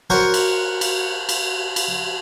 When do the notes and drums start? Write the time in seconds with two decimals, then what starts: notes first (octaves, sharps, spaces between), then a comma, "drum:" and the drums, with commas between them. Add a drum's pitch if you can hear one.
0.10 F#4 A#4 C5 C#5 F#5
0.34 drum: cymbal
0.81 drum: cymbal
1.29 drum: cymbal
1.76 drum: cymbal